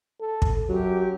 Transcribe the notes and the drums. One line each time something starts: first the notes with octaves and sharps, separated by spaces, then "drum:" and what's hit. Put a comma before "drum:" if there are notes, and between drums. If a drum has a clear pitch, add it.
A4
drum: kick
F#2 F#3 G4